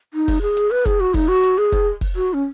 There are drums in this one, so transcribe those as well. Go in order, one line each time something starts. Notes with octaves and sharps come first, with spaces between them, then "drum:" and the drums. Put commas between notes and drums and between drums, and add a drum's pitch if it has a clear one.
D#4
drum: kick, open hi-hat
G#4
drum: hi-hat
B4
G#4, drum: kick, hi-hat
F#4
D#4, drum: kick, open hi-hat
F#4
drum: hi-hat
G#4
drum: kick, hi-hat
drum: kick, open hi-hat
F#4
C#4